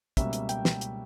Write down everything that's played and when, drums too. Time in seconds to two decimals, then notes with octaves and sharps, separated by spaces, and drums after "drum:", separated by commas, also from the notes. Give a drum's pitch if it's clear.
0.17 C#2 B2 G3 A#3 C#4 E5, drum: kick, hi-hat
0.33 drum: hi-hat
0.49 G5, drum: hi-hat
0.65 drum: snare
0.81 drum: hi-hat